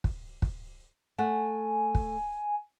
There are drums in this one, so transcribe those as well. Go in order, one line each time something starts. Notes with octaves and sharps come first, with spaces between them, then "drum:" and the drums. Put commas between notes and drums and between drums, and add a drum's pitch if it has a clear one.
drum: kick
drum: kick
A3 F#5 G#5
drum: kick